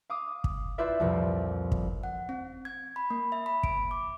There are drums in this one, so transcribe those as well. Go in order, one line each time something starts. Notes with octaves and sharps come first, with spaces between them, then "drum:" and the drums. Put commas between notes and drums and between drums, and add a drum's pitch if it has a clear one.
F5 D6 D#6
drum: kick
E4 F4 B4 C5 D5 E5
C2 F2 A#2 F3
drum: kick
F#5
C4
G#6
B5
A#3
E5
B5
D7, drum: kick
D6